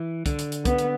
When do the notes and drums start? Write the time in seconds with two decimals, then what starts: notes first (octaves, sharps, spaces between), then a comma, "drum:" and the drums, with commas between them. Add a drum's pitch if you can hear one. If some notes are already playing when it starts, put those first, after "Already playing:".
Already playing: E3
0.26 D3, drum: kick, hi-hat
0.39 drum: hi-hat
0.52 drum: hi-hat
0.65 B3, drum: kick, hi-hat
0.79 drum: hi-hat